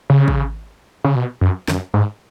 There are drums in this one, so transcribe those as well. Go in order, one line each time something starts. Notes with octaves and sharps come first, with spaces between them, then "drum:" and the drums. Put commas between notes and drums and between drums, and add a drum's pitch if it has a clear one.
C#3
drum: kick
C#3
B2
F#2
F#2, drum: snare
G#2